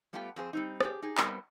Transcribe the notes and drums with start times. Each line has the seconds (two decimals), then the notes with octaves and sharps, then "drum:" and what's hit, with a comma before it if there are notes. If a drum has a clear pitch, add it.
0.13 G3 A3 B3 F4 G4 G5
0.36 F2 C4 G#4 C5
0.53 G3 C4 D#4
0.81 G4 G#4, drum: rim click
1.02 D#4 G4 G#4
1.17 G3 B3 C4 D#4 A#4 E5, drum: clap